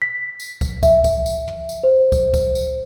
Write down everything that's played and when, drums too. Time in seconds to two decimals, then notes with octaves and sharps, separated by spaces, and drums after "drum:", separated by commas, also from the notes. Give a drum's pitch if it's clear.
0.02 B6
0.40 drum: tambourine
0.61 drum: kick, tambourine
0.83 E5, drum: kick, tambourine
1.04 drum: kick, tambourine
1.26 drum: tambourine
1.47 drum: tom
1.69 drum: tambourine
1.83 C5
2.12 drum: kick, tambourine
2.34 drum: kick, tambourine
2.55 drum: tambourine